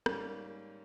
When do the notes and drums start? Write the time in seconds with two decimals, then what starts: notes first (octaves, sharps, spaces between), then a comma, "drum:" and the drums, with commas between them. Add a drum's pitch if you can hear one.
0.06 G#2 G3 A#3 C#4, drum: rim click